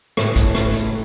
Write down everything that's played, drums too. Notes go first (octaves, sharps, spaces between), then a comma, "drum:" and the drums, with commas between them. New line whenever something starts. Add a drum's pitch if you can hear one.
A2 C#3 E3, drum: rim click
drum: kick, hi-hat
drum: rim click
drum: hi-hat